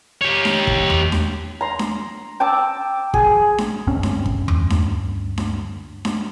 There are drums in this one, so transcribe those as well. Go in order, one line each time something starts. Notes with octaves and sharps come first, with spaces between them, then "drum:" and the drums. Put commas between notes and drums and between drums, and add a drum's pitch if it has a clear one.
G4 C#5
drum: snare D4
drum: kick
drum: tom E2
drum: snare D4
A#5 C6
drum: snare D4
G5 A5 D6 E6
G#4, drum: kick
drum: snare D4
D2 G2 C4 C#4
drum: snare D4
drum: kick
drum: tom E2
drum: snare D4
drum: snare D4
drum: snare D4